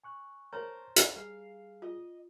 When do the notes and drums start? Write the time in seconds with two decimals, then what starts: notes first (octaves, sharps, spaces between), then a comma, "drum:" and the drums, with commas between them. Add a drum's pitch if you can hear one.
0.04 G#5 C#6 F#6
0.53 A#4 C5 C#5 A5
0.96 drum: hi-hat
1.16 G3 G#4 F5
1.82 F4 D#5